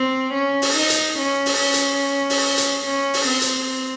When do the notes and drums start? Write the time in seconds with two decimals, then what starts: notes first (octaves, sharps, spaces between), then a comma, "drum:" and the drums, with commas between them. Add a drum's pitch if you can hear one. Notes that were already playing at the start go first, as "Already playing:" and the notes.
Already playing: C4
0.34 C#4
0.62 drum: open hi-hat
0.76 D#4
0.90 drum: hi-hat
1.18 C#4
1.46 drum: open hi-hat
1.59 C#4
1.74 drum: hi-hat
2.30 drum: open hi-hat
2.58 drum: hi-hat
2.85 C#4
3.14 drum: open hi-hat
3.27 C4
3.42 drum: hi-hat